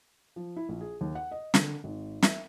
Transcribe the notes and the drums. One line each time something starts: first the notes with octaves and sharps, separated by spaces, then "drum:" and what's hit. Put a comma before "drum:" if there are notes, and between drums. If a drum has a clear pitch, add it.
F3
E4
A#1
G#4
D#2
F#5
D#5
D3, drum: snare
G#1
E5, drum: snare